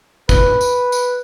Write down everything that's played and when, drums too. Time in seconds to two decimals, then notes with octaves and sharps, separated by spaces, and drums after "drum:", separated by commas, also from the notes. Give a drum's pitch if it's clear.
0.29 B4, drum: kick, tambourine
0.61 drum: tambourine
0.92 drum: tambourine